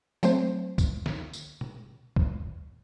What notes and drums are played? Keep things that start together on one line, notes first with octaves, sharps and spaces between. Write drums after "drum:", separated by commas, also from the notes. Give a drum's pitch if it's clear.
F#3 A3 C4 C5, drum: tambourine
drum: kick, tambourine
drum: snare
drum: tambourine
drum: tom B2
drum: kick